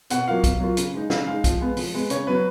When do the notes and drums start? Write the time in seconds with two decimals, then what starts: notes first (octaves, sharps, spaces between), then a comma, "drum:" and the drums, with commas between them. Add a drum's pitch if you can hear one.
0.10 B2 F#5, drum: hi-hat
0.27 F#3 A#3 F4 F5
0.44 B2, drum: kick B1, hi-hat
0.60 F#3 A#3 F4
0.77 C#3, drum: hi-hat
0.94 G#3 D#4
1.10 C#3 F5, drum: snare
1.27 G#3 D#4 F5
1.44 F3, drum: kick B1, hi-hat
1.60 G#3 B3
1.77 F3, drum: open hi-hat
1.94 G#3 B3
2.10 C#3 C#5, drum: hi-hat
2.27 F#3 B3 B4